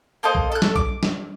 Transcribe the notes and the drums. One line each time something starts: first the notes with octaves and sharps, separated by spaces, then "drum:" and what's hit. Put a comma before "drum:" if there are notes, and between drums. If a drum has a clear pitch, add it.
A#3 A4 C5 D#5
drum: kick
A4 F#6
drum: snare
D6, drum: kick
drum: snare